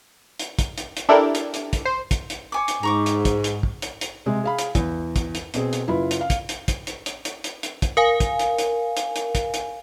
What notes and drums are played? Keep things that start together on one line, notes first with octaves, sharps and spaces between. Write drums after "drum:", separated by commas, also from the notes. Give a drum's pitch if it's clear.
drum: hi-hat
drum: kick, hi-hat
drum: hi-hat
drum: hi-hat
D4 E4 G4 A4 A#4
drum: hi-hat
drum: hi-hat
drum: kick, hi-hat
C5
drum: kick, hi-hat
drum: hi-hat
C#5 G#5 D6
drum: hi-hat
G#2 A#5 C#6 D6
drum: hi-hat
drum: kick, hi-hat
drum: hi-hat
drum: kick
drum: hi-hat
drum: hi-hat
C3 G#3
G#4 F5 B5
drum: hi-hat
E2, drum: kick, hi-hat
drum: kick, hi-hat
drum: hi-hat
B2 C4 G#4, drum: hi-hat
drum: hi-hat
F#1 E4 F4 B4 B5
drum: hi-hat
F5
drum: kick, hi-hat
drum: hi-hat
drum: kick, hi-hat
drum: hi-hat
drum: hi-hat
drum: hi-hat
drum: hi-hat
drum: hi-hat
drum: kick, hi-hat
A#4 F5 G#5
drum: kick, hi-hat
drum: hi-hat
drum: hi-hat
drum: hi-hat
drum: hi-hat
drum: kick, hi-hat
drum: hi-hat